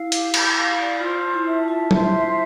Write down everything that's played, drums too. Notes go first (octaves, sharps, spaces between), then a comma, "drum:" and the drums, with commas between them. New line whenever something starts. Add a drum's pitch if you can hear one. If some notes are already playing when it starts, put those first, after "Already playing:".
Already playing: E4 F5
G4, drum: hi-hat
G4, drum: cymbal
F5
D5
F4 C5
A5
E4
E5
F4 A5
C5, drum: tom F#3
E5